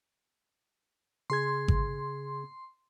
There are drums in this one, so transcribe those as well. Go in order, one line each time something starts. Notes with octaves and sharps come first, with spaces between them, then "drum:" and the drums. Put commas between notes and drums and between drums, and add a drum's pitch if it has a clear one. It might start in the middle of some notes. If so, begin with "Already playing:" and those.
C#3 G#4 C6 G#6
drum: kick G#1